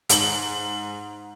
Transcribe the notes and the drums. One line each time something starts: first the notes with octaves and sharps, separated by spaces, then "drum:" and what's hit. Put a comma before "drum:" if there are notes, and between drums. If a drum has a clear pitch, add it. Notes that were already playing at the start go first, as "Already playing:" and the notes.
G#2 F#7, drum: hi-hat